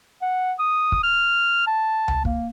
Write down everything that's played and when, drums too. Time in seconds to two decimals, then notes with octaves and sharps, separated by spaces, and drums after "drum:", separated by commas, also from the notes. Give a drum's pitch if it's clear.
0.22 F#5
0.59 D#6
0.92 drum: kick
1.03 F6
1.67 A5
2.08 drum: tom C#2
2.25 A#3, drum: kick